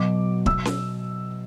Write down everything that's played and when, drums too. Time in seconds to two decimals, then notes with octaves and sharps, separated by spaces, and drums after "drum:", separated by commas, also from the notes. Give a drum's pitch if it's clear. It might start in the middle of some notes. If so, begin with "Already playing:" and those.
Already playing: B2 F#3 D6
0.46 B2 F#3 E6, drum: kick
0.65 drum: snare C#4